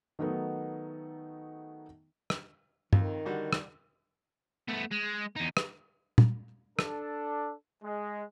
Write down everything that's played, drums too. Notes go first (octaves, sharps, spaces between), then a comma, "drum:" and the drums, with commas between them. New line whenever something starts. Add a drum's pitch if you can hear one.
D#3 F#3 A3 B3 D#4
drum: rim click
F2 D#3, drum: tom
D3 G3 F#4
drum: rim click
A3 B3
G#3
E2 D#4
drum: rim click
drum: tom
D4 A4, drum: rim click
G#3